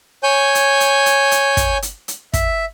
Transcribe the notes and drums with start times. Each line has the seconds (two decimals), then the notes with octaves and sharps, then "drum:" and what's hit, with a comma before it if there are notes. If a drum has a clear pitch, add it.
0.23 C#5 G#5 G6
0.55 drum: hi-hat
0.80 drum: hi-hat
1.06 drum: hi-hat
1.31 drum: hi-hat
1.57 drum: kick, hi-hat
1.82 drum: hi-hat
2.08 drum: hi-hat
2.33 E5, drum: kick, hi-hat